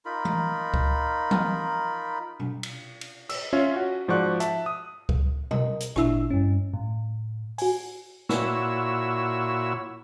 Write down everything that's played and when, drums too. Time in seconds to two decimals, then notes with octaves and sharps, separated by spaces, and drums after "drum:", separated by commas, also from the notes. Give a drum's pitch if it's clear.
0.05 D#4 F4 A#4 B5
0.25 drum: tom E3
0.74 drum: kick C#2
1.31 drum: tom E3
2.40 drum: tom B2
2.63 drum: cymbal
3.01 drum: cymbal
3.29 E6, drum: cymbal
3.53 C#4 F4 C#5 E5 F5
3.76 F#4
4.08 G#2 F3 F#4 D5 C#6 F#6
4.40 E5 A5, drum: hi-hat
4.66 D#6
5.09 drum: kick C#2
5.51 A#4 D#5, drum: tom B2
5.80 drum: hi-hat
5.96 G#1 A#2 D4 E4 E5 E6, drum: rim click
6.30 G2 C#4
6.73 A2
7.58 F#4 G#5, drum: open hi-hat
8.29 A#2 E4 F#4 C#5 E6, drum: snare